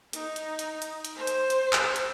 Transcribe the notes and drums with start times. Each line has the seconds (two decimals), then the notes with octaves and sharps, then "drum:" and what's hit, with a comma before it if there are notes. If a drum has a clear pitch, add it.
0.13 D#4, drum: hi-hat
0.36 drum: hi-hat
0.59 drum: hi-hat
0.82 drum: hi-hat
1.05 drum: hi-hat
1.15 C5
1.27 drum: hi-hat
1.50 drum: hi-hat
1.73 drum: clap
1.96 drum: hi-hat